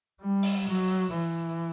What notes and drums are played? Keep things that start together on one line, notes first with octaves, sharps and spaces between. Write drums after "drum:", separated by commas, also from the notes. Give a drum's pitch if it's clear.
G3
drum: open hi-hat
F#3
E3